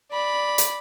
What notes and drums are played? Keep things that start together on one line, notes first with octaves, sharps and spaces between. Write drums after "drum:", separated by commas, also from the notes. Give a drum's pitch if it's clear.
D5 B5
drum: hi-hat